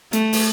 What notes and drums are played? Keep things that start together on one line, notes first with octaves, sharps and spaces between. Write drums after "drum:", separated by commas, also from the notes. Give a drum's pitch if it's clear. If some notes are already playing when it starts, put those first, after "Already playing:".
A3, drum: hi-hat
drum: open hi-hat